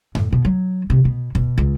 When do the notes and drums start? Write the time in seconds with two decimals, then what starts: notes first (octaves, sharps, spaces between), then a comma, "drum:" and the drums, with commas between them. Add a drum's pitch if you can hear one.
0.15 A2, drum: tom F2
0.32 B2
0.45 F#3
0.90 C3
1.05 B2
1.35 B2, drum: kick
1.58 C#2